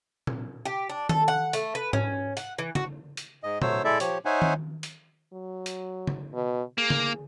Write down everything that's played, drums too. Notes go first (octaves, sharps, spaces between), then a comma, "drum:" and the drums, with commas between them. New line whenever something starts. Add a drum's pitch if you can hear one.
drum: tom
G4
D4
A4, drum: tom D#3
F#5
A3, drum: hi-hat
B4
C#4, drum: tom G#2
F#5, drum: hi-hat
E3
F#4, drum: tom C#3
drum: hi-hat
G#2 D#5
F#3 A3 C5 C#5 E6, drum: tom
G#3 E4 A4 D5 E5
F3 G4 C#5, drum: hi-hat
D#4 C5 C#5 E5 F#5 G#5
drum: tom D#3
drum: hi-hat
F#3
drum: hi-hat
drum: tom C#3
B2
A#3 G#4
drum: tom C#3